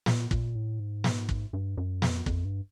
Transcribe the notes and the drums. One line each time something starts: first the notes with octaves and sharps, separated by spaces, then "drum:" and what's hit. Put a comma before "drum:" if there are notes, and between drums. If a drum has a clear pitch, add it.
A#2, drum: snare
A#2, drum: kick
A2
G#2
drum: snare
drum: kick
G2
F#2
F2, drum: snare
F2, drum: kick
G2